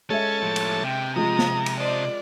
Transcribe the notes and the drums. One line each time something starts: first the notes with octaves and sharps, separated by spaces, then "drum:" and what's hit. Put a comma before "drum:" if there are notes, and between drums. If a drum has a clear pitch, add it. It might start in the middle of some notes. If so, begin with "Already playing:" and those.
G#3 C#4 A4 C#5 E5 A5
A2 F3
drum: cymbal
C3 G5
F3 G#3 A#5 D#6
drum: snare
drum: cymbal
C5 D5 D#5 A5